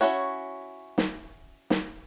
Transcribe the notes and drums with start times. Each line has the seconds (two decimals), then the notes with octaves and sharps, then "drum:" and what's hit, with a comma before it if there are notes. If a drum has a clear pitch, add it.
0.01 C#4 E4 F#4 C#5
0.98 drum: snare
1.70 drum: snare